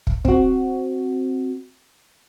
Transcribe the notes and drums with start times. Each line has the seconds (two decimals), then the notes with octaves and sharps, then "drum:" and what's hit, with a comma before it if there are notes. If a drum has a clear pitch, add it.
0.07 drum: kick
0.25 C4 F#4, drum: kick